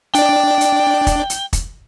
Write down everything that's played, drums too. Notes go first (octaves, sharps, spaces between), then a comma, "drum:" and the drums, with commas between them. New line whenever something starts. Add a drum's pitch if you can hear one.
D4 D5 G5, drum: hi-hat
drum: hi-hat
drum: kick, hi-hat
drum: hi-hat
drum: kick, hi-hat